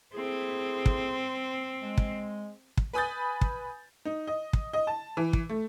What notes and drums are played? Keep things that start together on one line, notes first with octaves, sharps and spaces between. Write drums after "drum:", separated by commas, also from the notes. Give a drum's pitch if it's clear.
A3 C4 E4 G#4
drum: kick
G#3
drum: kick
drum: kick
B4 G#5 B5 D#6 G6 A6
drum: kick
D#4
D#5
drum: kick
D#5
A5
E3
drum: kick
A3